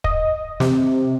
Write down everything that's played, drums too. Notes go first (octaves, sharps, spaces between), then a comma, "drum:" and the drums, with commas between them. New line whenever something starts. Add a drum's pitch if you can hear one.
D#5, drum: kick
C3, drum: snare